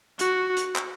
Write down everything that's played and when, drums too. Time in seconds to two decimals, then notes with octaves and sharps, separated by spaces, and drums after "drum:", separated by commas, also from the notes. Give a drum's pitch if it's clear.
0.19 F#4, drum: hi-hat
0.57 drum: hi-hat
0.76 drum: clap